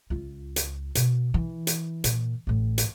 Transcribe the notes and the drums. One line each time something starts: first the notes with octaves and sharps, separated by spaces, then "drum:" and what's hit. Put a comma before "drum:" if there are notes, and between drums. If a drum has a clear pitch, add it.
C#2 F4
drum: hi-hat
B2, drum: hi-hat
E3
drum: hi-hat
A#2, drum: hi-hat
A1 A2
drum: hi-hat